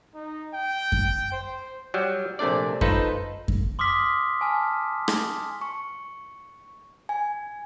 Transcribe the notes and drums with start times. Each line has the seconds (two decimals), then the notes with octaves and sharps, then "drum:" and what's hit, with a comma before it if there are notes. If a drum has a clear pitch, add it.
0.15 D#4
0.54 G5
0.92 drum: kick F#2
1.32 C5
1.94 F#3 G3
2.39 A#1 C3 A3 D4 D5
2.81 D#4 F4 A4 B4 C5, drum: kick F#2
3.48 drum: kick F#2
3.79 C6 D6 D#6 F6 B6
4.41 G#5 A5 F6
5.08 drum: rim click
5.61 C#6
7.09 G#5